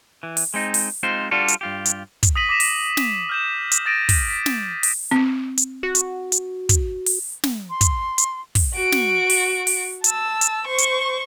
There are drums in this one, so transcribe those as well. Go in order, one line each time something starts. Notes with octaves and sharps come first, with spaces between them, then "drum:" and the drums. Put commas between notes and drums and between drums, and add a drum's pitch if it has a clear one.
E3
drum: open hi-hat
G#3 C4 D#4
drum: open hi-hat
G#3 C4 D#4 F4 C5
G3 D4 F4 F#4 A4
drum: hi-hat
G2 F4 G4
drum: hi-hat
drum: kick, hi-hat
D#6 A#6 B6 D#7 F#7
D6 A#6 B6 E7
drum: open hi-hat
drum: snare
F6 G6 E7
drum: hi-hat
D#6 A6 A#6 D7 D#7
drum: kick, open hi-hat
B6
drum: snare
drum: open hi-hat
C4
drum: hi-hat
F#4
drum: hi-hat
drum: hi-hat
drum: kick, hi-hat
drum: open hi-hat
drum: snare
C6
drum: kick, hi-hat
drum: hi-hat
drum: kick, open hi-hat
F#4 D7
drum: snare
drum: open hi-hat
drum: open hi-hat
A5 E6, drum: hi-hat
drum: hi-hat
C5 C#6
drum: hi-hat